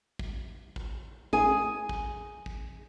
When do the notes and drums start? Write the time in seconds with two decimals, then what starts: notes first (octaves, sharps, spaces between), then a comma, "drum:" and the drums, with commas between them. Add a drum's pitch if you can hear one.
0.19 drum: kick
0.76 drum: kick
1.33 G#4 G#5, drum: kick
1.89 drum: kick
2.46 drum: kick